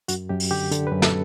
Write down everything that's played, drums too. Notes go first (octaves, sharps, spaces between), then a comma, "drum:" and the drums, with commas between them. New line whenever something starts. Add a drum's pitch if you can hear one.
F#2 F#4, drum: hi-hat
F#2 G4
drum: open hi-hat
D3 G4
D3 A4, drum: hi-hat
B4
F#2
A4, drum: snare